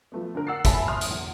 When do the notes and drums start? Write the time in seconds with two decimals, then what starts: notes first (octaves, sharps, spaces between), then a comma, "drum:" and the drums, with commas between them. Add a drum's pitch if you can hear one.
0.12 F3 A3 B3
0.35 D3 A#4
0.47 F#5 E6 A6 C7
0.65 E5 G#5 A5 B5, drum: kick, hi-hat
0.88 E5 C6 D#6 F6
1.01 drum: hi-hat
1.10 E2